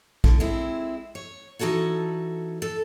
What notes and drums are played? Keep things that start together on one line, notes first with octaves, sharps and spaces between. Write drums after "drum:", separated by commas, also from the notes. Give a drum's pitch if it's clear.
D3, drum: kick A#1
G#3 C4 E4
C#5
E3 D#4 F#4 A4 C#5
A4